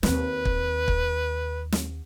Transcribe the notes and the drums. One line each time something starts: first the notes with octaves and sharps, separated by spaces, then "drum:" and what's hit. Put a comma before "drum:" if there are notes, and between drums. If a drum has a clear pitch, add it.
D#2 C4 B4, drum: snare
drum: kick
drum: kick
drum: snare